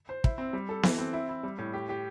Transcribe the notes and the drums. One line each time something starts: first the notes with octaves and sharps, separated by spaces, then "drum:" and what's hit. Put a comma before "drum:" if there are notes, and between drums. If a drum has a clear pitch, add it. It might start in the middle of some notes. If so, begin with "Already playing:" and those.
C5
E4, drum: kick
C4
G3
A4
E3, drum: snare B3
C4
E4
E4
G3
A2
G4
G4